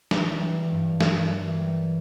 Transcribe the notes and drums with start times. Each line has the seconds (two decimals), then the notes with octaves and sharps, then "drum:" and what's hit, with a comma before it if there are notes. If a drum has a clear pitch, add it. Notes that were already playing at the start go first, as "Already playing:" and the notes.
0.11 E3, drum: snare
0.40 G3
0.71 G2
1.01 A#3, drum: snare
1.30 E3
1.59 G3